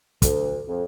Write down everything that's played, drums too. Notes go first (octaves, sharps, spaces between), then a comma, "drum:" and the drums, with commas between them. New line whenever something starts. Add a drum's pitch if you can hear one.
D2, drum: kick, hi-hat
F2